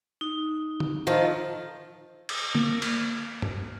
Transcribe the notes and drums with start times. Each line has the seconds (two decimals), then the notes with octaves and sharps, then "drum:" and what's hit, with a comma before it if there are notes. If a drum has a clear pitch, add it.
0.21 D#4
0.80 drum: tom
1.07 D#3 F3 A4
2.29 drum: cymbal
2.55 A#3, drum: tom
2.82 F6, drum: cymbal
3.42 drum: tom